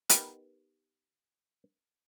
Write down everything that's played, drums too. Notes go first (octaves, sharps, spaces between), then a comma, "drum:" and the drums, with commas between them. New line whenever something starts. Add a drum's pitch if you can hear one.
B3 D#4 G4 A#4 B4, drum: hi-hat